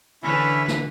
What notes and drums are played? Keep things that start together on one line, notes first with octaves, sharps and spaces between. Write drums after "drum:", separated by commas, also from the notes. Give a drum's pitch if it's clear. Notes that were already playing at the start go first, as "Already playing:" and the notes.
D3 E3 C#4 E4 B4 E5
drum: snare